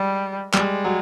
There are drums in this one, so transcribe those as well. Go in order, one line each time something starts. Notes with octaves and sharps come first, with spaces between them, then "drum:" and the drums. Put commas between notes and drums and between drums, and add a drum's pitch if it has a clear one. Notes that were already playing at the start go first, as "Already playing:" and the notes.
Already playing: G3 G#3
G3 G#3, drum: clap
F#3